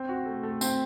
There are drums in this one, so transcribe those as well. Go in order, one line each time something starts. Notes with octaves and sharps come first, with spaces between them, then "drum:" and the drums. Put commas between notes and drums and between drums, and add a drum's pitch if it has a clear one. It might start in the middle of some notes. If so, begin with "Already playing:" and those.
Already playing: C4
F#4
A3
A3
C4, drum: tambourine